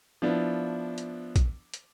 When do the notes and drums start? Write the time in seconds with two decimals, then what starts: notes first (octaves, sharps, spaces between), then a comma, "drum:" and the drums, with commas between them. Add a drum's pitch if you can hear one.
0.22 F3 B3 D4 E4
0.98 drum: hi-hat
1.36 drum: kick, hi-hat
1.74 drum: hi-hat